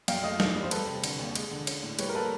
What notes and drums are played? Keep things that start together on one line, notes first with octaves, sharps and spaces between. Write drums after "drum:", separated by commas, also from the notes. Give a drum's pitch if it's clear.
F#2 F5 G5, drum: cymbal
A3 D#5 F5
E2 D#5 F5, drum: snare
G3
C5
G3 A4 B4, drum: cymbal
C3
D3, drum: cymbal
D#2
G#3, drum: cymbal
D3
C#4, drum: cymbal
A2
G3 B4 C#5, drum: cymbal
A#4
A#3 A4 B4